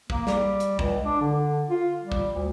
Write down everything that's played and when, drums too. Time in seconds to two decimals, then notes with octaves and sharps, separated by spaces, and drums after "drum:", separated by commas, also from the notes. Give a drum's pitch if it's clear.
0.10 A#3, drum: kick
0.27 G3, drum: snare
0.60 drum: hi-hat
0.79 C#2, drum: kick
1.05 D4
1.21 D3
1.70 F4
2.02 G3
2.12 drum: kick
2.34 D2